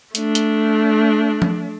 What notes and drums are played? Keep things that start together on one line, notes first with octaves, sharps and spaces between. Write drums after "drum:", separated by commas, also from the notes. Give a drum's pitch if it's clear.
A3 D4, drum: hi-hat
drum: hi-hat
drum: tom F3